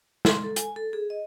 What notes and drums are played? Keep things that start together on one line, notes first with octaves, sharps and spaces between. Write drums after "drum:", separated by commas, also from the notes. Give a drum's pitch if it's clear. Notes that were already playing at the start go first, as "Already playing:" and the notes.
C6, drum: snare
A4
G#5, drum: hi-hat
A4
G#4
D#5